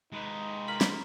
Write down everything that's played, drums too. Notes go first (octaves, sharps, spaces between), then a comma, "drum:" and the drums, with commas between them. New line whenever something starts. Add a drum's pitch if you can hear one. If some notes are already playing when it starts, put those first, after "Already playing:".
G#3 D#4 B4
F4 A#4 B5 B6
drum: snare